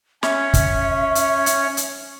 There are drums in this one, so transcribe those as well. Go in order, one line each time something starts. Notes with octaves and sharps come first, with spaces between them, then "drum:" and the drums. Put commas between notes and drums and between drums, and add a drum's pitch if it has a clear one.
C#4 C#5 E5, drum: snare
drum: kick, hi-hat
drum: hi-hat
drum: hi-hat
drum: hi-hat